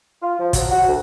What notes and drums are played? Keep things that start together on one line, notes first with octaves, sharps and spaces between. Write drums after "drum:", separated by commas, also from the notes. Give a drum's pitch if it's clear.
F4
F3
F#3, drum: kick, hi-hat
F#4
D2